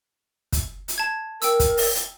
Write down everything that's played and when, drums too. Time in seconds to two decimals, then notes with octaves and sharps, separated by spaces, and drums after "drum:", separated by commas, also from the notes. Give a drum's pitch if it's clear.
0.52 drum: kick, hi-hat
0.88 drum: hi-hat
0.98 A5 G#6
1.42 A#4 G5 E6, drum: hi-hat
1.60 drum: kick, hi-hat
1.77 drum: open hi-hat
1.95 drum: hi-hat